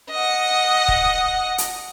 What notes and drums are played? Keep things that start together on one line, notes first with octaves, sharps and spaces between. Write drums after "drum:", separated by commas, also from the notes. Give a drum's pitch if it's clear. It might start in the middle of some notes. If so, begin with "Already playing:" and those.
D#5 F#5
drum: kick
drum: hi-hat